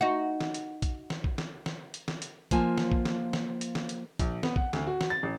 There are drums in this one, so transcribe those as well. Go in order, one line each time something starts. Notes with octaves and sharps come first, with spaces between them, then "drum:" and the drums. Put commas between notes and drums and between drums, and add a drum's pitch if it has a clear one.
D#4 F#4
drum: snare
drum: hi-hat
drum: kick A#1, hi-hat
drum: snare
drum: kick A#1
drum: snare
drum: snare
drum: hi-hat
drum: snare
drum: hi-hat
F3 A#3 F4 G#5 A5, drum: kick A#1, hi-hat
drum: snare
drum: kick A#1
drum: snare
drum: snare
drum: hi-hat
drum: snare
drum: hi-hat
A#1, drum: kick A#1, hi-hat
B3, drum: snare
F#5, drum: kick A#1
D2, drum: snare
F#4
drum: snare
A6
A1